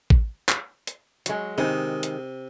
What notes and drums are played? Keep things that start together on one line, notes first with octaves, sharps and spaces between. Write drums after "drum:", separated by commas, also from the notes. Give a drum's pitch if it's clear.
drum: kick A1
drum: clap
drum: hi-hat
F#3 G#3, drum: hi-hat
C3 D#3 G#3
drum: hi-hat